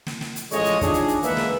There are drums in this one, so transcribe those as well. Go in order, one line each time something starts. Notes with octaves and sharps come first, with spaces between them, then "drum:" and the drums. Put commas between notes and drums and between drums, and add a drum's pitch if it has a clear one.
drum: snare
drum: snare
drum: hi-hat
A1 F3 G#3 A4 C#5 D#5, drum: hi-hat
drum: hi-hat
D#3 C#4 D4 F4 G#4, drum: kick, hi-hat
drum: hi-hat
drum: hi-hat
E2 G#3 A#3 B4 E5 F#5, drum: hi-hat
drum: snare